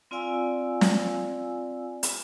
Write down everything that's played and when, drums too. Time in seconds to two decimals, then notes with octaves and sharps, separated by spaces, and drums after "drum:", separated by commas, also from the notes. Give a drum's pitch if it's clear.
0.11 C4 F4 D5 F5 G#5 E6
0.81 drum: snare
2.03 drum: hi-hat